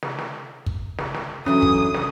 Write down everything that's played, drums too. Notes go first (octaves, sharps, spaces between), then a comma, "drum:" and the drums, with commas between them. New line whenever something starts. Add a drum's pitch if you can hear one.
drum: snare
drum: snare
drum: kick
drum: snare
drum: snare
D3 E3 F#3 C#4 D#6
drum: kick
drum: snare